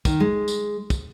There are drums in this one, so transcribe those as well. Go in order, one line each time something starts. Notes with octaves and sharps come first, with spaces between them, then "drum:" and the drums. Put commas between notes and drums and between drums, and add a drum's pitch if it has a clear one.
D#3, drum: kick, tambourine
G#3
drum: tambourine
drum: kick, tambourine